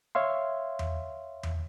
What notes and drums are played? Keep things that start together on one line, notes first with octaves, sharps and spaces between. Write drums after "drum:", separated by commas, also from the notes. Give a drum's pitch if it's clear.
C#5 E5 F5 C6
drum: tom E2
drum: tom E2